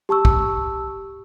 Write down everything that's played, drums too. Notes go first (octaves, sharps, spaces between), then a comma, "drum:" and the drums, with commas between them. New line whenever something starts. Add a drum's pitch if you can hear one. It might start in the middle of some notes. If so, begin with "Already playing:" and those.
G4 A5 C#6 E6
drum: kick